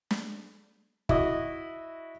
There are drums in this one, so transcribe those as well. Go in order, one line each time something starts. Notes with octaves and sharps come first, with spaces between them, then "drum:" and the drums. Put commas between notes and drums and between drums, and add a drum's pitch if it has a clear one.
drum: snare
E4 F#4 D#5, drum: kick